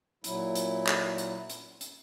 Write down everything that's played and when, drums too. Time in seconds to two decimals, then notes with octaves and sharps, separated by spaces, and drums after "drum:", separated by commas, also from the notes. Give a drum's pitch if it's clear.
0.24 A#2 F#3 E4, drum: hi-hat
0.55 drum: hi-hat
0.87 drum: clap
1.18 drum: hi-hat
1.50 drum: hi-hat
1.81 drum: hi-hat